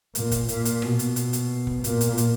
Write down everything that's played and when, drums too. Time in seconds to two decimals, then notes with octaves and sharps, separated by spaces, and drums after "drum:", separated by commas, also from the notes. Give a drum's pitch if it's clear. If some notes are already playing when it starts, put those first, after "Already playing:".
0.15 A#2, drum: hi-hat
0.31 drum: kick, hi-hat
0.49 A#2, drum: hi-hat
0.65 drum: hi-hat
0.82 B2, drum: rim click
0.99 drum: hi-hat
1.16 drum: hi-hat
1.33 drum: hi-hat
1.67 drum: kick
1.84 A#2, drum: hi-hat
2.01 drum: hi-hat
2.18 drum: hi-hat